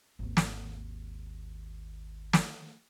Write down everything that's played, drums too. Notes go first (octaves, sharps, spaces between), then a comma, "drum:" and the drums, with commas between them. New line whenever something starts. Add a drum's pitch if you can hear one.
G#1 D#2
drum: snare
drum: snare